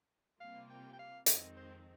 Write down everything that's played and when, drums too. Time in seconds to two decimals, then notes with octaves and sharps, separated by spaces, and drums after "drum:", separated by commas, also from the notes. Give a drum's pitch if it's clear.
0.40 C3 G3 A#3 F4 F5
0.70 G5
0.93 G5
0.99 F5
1.26 F2 D#3 G#3 C4 D#5, drum: hi-hat
1.56 C5